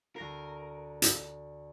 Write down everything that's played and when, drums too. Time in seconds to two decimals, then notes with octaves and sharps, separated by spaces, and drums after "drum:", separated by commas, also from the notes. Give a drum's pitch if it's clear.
0.16 D2 A#4 A#6 C7
1.02 drum: hi-hat